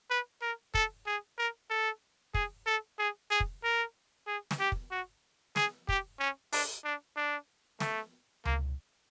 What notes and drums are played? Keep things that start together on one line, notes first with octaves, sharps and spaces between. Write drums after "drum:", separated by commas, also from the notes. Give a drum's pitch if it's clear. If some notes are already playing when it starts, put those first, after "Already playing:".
B4
A#4
A4, drum: kick
G#4
A#4
A4
G#4, drum: kick
A4
G#4
G#4
drum: kick
A#4
G#4
drum: snare
G4
drum: kick
F#4
G#4, drum: snare
G4, drum: kick
C#4
D4, drum: open hi-hat
D4
D4
A3, drum: snare
A#3, drum: tom C#2